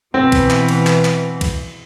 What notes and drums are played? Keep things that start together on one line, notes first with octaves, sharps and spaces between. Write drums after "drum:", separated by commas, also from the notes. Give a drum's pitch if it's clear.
B2 E3 C4
drum: kick B1, cymbal
drum: clap
drum: cymbal
drum: clap
drum: clap
drum: kick B1, cymbal